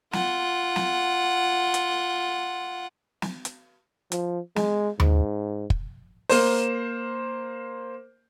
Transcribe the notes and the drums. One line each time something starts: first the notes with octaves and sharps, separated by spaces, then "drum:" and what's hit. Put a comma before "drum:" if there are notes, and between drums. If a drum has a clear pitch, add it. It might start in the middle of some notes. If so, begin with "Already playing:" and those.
F4 F#5, drum: snare
drum: snare
drum: hi-hat
drum: snare
drum: hi-hat
F3, drum: hi-hat
G#3, drum: snare
G#2, drum: tom D#2
drum: kick
A#3 C5, drum: open hi-hat